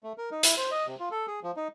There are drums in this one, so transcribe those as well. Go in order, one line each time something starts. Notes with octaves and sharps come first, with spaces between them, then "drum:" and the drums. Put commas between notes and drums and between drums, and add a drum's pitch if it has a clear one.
A3
A#4
D#4
E4, drum: hi-hat
C5
D#5
C3
F4
A4
G#4
F3
D#4